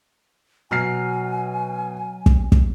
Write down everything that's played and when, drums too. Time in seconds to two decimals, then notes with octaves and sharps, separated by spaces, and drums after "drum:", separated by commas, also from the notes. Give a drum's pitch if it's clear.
0.71 B2 F#3 G#5 F6 C7
2.26 drum: kick
2.52 drum: kick